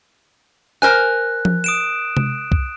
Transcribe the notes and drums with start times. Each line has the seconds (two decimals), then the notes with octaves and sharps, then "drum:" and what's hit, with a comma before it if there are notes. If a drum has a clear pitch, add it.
0.82 A#4 C5 G#5 F#6
1.45 drum: tom F3
1.64 D#6 D7 E7
2.17 drum: tom C3
2.52 drum: kick C2